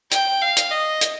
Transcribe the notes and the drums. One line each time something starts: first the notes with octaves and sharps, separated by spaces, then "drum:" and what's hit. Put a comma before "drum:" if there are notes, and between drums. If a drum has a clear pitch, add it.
G5, drum: hi-hat
F5
drum: hi-hat
D#5
drum: hi-hat